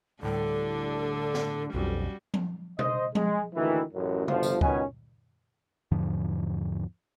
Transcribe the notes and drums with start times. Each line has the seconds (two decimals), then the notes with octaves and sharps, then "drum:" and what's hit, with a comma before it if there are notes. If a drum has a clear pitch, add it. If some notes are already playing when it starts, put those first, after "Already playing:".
0.22 D2 A2 D3 G3 D4 A4
1.34 drum: snare
1.73 B1 F2 G3 C#4 F#4
2.34 drum: tom F3
2.79 C5 D#5, drum: tom B2
3.15 G#3, drum: tom F3
3.55 D2 A#2 D#3 E3
3.94 A1 F#2
4.28 G1 D2 F3, drum: tom C3
4.43 drum: tambourine
4.61 C#2 B2 D#3 C#4 B4 G#5, drum: kick
5.91 E2 G#2 D3 F3